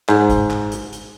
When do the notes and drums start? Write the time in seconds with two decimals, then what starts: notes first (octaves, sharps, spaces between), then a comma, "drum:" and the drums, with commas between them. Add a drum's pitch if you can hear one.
0.09 G#2, drum: clap
0.30 drum: kick, hi-hat
0.51 drum: clap
0.71 drum: hi-hat
0.92 drum: hi-hat